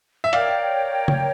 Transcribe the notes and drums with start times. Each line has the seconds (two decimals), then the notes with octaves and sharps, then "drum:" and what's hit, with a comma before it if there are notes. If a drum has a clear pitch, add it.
0.24 E5
0.33 A#4 C#5 D5 F5 G5, drum: hi-hat
1.08 drum: tom C#3